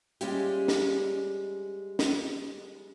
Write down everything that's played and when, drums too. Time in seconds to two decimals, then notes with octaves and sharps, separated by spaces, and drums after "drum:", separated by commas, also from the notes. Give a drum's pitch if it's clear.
0.21 G3 G#3 C#4 F4 G4, drum: hi-hat
0.68 drum: snare
1.99 drum: snare